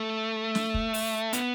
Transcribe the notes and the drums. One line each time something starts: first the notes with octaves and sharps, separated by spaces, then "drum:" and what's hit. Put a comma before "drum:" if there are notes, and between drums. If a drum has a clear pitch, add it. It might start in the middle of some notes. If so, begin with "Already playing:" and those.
Already playing: A3
drum: snare
drum: kick
drum: open hi-hat
B3, drum: hi-hat